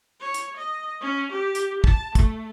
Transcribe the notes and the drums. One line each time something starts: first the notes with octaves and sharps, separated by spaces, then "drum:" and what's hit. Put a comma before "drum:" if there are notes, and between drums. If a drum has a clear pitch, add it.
C#5
drum: hi-hat
D#5
C#4
G4
drum: hi-hat
A5, drum: kick
A3, drum: kick, hi-hat